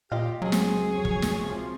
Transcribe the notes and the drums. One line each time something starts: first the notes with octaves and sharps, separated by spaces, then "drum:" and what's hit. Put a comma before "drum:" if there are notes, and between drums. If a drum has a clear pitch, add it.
A#2 F4 G4 D#5 F5
C#2 F#3 G#3 C4 F#4 G#4
drum: snare
F2 C#5 G#6
drum: kick
drum: snare
C3 F3